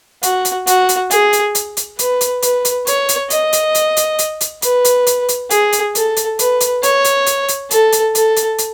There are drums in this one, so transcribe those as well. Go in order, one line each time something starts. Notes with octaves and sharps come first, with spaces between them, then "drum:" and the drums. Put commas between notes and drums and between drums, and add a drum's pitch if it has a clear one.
F#4, drum: hi-hat
drum: hi-hat
F#4, drum: hi-hat
drum: hi-hat
G#4, drum: hi-hat
drum: hi-hat
drum: hi-hat
drum: hi-hat
B4, drum: hi-hat
drum: hi-hat
B4, drum: hi-hat
drum: hi-hat
C#5, drum: hi-hat
drum: hi-hat
D#5, drum: hi-hat
drum: hi-hat
drum: hi-hat
drum: hi-hat
drum: hi-hat
drum: hi-hat
B4, drum: hi-hat
drum: hi-hat
drum: hi-hat
drum: hi-hat
G#4, drum: hi-hat
drum: hi-hat
A4, drum: hi-hat
drum: hi-hat
B4, drum: hi-hat
drum: hi-hat
C#5, drum: hi-hat
drum: hi-hat
drum: hi-hat
drum: hi-hat
A4, drum: hi-hat
drum: hi-hat
A4, drum: hi-hat
drum: hi-hat
drum: hi-hat